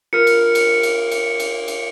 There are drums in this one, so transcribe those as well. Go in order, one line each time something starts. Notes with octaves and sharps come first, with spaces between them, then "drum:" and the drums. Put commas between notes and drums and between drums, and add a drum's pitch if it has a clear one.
F4 A#4 F6 C#7
drum: cymbal
drum: cymbal
drum: cymbal
drum: cymbal
drum: cymbal
drum: cymbal